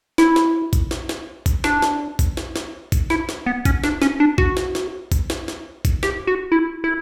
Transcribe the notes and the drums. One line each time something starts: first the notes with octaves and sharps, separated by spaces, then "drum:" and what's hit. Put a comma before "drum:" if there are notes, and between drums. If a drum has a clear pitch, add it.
E4, drum: snare
drum: snare
drum: kick A1, tambourine
drum: snare
drum: snare
drum: kick A1, tambourine
D4, drum: snare
drum: snare
drum: kick A1, tambourine
drum: snare
drum: snare
drum: kick A1, tambourine
E4, drum: snare
drum: snare
B3
C#4, drum: kick A1, tambourine
D4, drum: snare
C#4, drum: snare
D4
F#4, drum: kick A1
drum: snare
drum: snare
drum: kick A1, tambourine
drum: snare
drum: snare
drum: kick A1, tambourine
G4, drum: snare
F#4
E4
E4